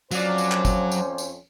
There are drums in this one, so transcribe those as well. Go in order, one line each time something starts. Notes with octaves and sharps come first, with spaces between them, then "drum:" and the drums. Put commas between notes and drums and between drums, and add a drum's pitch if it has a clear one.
F2 F#3 C#4 F4 C5 D5, drum: tambourine
drum: tambourine
drum: clap
drum: kick, tambourine
drum: tambourine
drum: tambourine